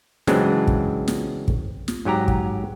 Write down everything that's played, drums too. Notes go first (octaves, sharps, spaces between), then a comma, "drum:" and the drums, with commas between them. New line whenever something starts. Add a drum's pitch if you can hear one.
C#3 E3 F#3 G#3 C4 D4, drum: snare
drum: kick
drum: snare
drum: kick
drum: snare
G#2 F#3 G4 A#5
drum: kick